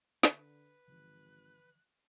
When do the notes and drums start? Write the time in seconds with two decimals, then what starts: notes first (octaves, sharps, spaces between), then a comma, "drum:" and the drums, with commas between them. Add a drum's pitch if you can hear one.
0.23 D3 B4, drum: snare
0.88 G#1 D3 E3 F3 F#6